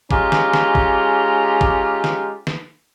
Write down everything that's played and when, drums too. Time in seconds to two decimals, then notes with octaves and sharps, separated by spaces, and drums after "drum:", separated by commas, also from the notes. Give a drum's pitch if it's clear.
0.11 G#3 C#4 F4 G4 A#5, drum: kick
0.32 drum: snare
0.54 drum: snare
0.75 drum: kick
1.61 drum: kick
2.04 drum: snare
2.47 drum: snare